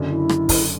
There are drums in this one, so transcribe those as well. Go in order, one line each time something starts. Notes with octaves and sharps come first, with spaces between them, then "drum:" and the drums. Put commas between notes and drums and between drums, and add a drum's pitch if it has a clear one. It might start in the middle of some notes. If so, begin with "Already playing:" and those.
Already playing: F#1 F#2 D3
E4
drum: rim click
drum: kick, open hi-hat